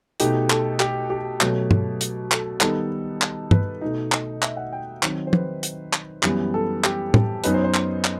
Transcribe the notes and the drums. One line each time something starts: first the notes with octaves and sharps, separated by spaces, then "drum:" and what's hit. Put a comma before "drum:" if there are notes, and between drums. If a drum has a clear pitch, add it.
B2 A3 D#4 G4, drum: hi-hat
A4, drum: clap
G4, drum: clap
G4
B2 F#3 A3, drum: clap
drum: tom G2
drum: hi-hat
A4, drum: clap
D#3 G3 B3 D#4 A4, drum: clap
drum: clap
B4, drum: tom G2
B2 A3 D#4
D#5, drum: clap
E5, drum: clap
F#5
G5
D#3 F#3 C4 D#4, drum: clap
C5
B4, drum: tom
drum: hi-hat
drum: clap
F#2 E3 G3 B3, drum: clap
A4
G4, drum: clap
drum: tom
F#2 F#3 B3 D#4 B4, drum: hi-hat
C5
C5
drum: clap
drum: clap